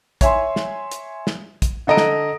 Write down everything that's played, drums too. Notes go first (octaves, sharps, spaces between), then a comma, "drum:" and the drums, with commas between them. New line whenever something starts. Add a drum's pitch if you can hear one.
C#5 E5 G#5 C6, drum: kick, hi-hat
drum: snare
drum: hi-hat
drum: snare
drum: kick, hi-hat
D3 A4 D#5 A#5 D7
drum: snare